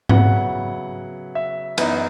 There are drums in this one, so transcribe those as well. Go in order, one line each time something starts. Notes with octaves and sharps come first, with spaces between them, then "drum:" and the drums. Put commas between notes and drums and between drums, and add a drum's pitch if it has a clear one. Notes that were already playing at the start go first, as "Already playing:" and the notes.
C#3 F#3 B3 E4 F#5, drum: tom G#2
E5
F#2 E3 B3 D#4, drum: cymbal